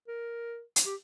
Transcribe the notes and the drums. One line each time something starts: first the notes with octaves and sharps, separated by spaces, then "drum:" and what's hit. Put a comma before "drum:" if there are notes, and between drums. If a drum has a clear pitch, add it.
A#4
drum: hi-hat
G4